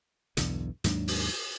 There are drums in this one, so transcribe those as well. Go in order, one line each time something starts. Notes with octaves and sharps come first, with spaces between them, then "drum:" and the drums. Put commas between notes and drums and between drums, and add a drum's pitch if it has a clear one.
B1 E2 G2 D3, drum: hi-hat
D#2 G#2 F#3 D4, drum: hi-hat
drum: open hi-hat